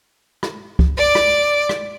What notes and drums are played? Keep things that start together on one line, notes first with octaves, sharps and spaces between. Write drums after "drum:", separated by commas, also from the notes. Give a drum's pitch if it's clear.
drum: rim click
drum: kick C#2
D5 D6
drum: rim click
drum: rim click